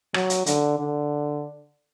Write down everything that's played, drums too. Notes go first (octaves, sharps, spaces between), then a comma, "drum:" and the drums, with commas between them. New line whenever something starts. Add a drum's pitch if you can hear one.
F#3, drum: rim click
drum: hi-hat
D3, drum: hi-hat
D3